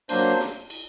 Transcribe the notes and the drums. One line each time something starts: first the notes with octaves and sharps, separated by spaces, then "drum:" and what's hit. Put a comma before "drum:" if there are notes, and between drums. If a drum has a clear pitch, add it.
F#3 A#3 D4 C5, drum: cymbal
drum: snare
drum: cymbal